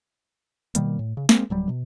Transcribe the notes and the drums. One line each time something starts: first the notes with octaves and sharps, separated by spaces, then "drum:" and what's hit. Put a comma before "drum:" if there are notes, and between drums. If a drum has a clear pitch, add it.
B2 D#3 G3 A#3, drum: hi-hat
A2
C#3
G#3 A#3 C4, drum: snare
D1 F#3 G3
B2